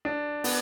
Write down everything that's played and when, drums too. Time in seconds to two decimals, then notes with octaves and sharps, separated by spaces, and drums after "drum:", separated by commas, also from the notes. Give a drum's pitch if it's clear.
0.05 D4
0.44 B3, drum: open hi-hat